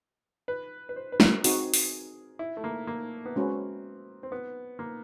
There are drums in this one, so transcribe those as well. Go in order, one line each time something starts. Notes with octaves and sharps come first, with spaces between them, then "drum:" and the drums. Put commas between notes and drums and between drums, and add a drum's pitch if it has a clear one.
B4
B4
C5
B4
A#4, drum: snare
C4 D#4 F#4 G#4, drum: open hi-hat
drum: open hi-hat
E4
A3
A#3
A#3
B3
G#3 C4 C#4 F#4 B4
C4
B3
A#3